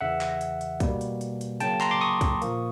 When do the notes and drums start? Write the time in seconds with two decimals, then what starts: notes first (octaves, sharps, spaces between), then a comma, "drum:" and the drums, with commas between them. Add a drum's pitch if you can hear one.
0.01 E2 C#3 E3 E5 F#5
0.21 drum: clap
0.41 drum: hi-hat
0.61 drum: hi-hat
0.80 B2 G3 A#3, drum: kick, hi-hat
1.01 drum: hi-hat
1.21 drum: hi-hat
1.41 drum: hi-hat
1.60 C#3 F#3 A#3 G5 A5, drum: hi-hat
1.80 A#5 C6, drum: clap
1.91 C6 D6
2.00 C#6 D#6
2.21 drum: kick, hi-hat
2.42 A#2 F3 A#3, drum: hi-hat